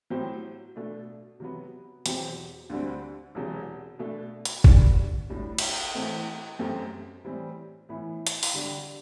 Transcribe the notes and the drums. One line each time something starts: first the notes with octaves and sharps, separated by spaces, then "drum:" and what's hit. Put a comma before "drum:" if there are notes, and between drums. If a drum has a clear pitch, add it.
A2 F#3 C4 G4 C5
B2 A3 D4
C3 F#3 B3
E2 B2 F#3 C4 G4, drum: hi-hat
D2 D3 G3 C4
E1 E2 C3 F#3
B2 A3 D4
drum: hi-hat
D2 D3 G3 D4, drum: kick G1
A2 G3 D4 F#4
drum: cymbal
A2 E3 A3 C4
F#2 F#3 A3 C4 G4
A2 E3 G3 C4
A2 E3 B3 E4
drum: hi-hat
drum: open hi-hat
D3 G3 D4 G4